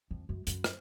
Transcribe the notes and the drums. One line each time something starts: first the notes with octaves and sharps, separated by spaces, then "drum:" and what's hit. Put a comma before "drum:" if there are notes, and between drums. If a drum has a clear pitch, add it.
F2
F#2
F#2, drum: hi-hat
drum: rim click